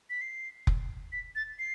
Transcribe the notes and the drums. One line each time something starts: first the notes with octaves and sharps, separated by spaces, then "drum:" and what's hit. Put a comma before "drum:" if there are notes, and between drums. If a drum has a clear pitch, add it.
B6
C7
drum: kick F1
B6
A6
C7